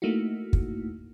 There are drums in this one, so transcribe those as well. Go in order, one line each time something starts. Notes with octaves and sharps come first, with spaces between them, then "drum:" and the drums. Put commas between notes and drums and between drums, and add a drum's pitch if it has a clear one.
A3 A#3 D#4 E4 F#4
drum: kick